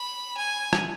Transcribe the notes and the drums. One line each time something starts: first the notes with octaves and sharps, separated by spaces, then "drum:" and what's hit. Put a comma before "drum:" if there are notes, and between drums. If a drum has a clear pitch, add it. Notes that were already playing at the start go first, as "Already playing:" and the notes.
Already playing: B5
G#5
drum: rim click